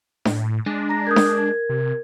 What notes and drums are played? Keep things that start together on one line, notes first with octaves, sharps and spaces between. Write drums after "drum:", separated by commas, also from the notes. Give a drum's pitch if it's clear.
A2, drum: snare D4
G#3 D4
A#5 A#6
A#4 D#6 G6 G#6
drum: snare D4
G#6
C3